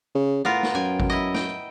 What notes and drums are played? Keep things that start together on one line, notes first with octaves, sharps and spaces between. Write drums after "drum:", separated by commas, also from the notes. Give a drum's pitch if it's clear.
C#3
A2 B3 F4 A#4
drum: snare
F#2 G5 G#5
drum: kick G#1
E4 D#5
G5, drum: snare